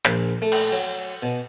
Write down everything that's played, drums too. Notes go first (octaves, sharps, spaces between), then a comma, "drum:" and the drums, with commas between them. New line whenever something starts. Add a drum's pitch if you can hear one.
A#1, drum: clap
A3
drum: cymbal
F#3
B2